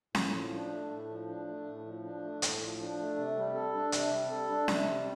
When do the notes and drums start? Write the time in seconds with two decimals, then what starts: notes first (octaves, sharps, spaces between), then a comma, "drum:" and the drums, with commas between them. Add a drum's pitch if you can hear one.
0.15 A2, drum: snare C#4
0.34 F3
0.53 D4
0.72 A3
0.90 A2
1.09 F3
1.28 D4
1.47 A3
1.66 A2
1.85 F3
2.03 D4
2.23 A3
2.42 A2, drum: hi-hat
2.61 F3
2.80 D4
2.98 A3
3.17 C3
3.36 G3
3.55 A4
3.74 D4
3.92 C3, drum: hi-hat
4.12 G3
4.31 A4
4.49 D4
4.68 C3, drum: snare C#4
4.87 G3